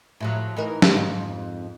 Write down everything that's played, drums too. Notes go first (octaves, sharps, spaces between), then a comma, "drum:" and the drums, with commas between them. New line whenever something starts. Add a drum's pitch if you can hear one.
A2 F3 F#3
E3 D#4 A#4
drum: snare
F2 G#2